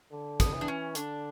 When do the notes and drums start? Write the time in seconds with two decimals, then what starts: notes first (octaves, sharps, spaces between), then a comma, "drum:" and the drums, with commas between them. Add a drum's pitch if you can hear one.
0.12 D3
0.40 B3, drum: kick, hi-hat
0.53 E3
0.61 D4
0.68 C#4
0.95 D3 D4, drum: hi-hat